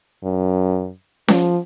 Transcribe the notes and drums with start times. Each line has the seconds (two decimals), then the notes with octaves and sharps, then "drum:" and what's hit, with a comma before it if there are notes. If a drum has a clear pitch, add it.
0.24 F#2
1.28 F3, drum: snare C#4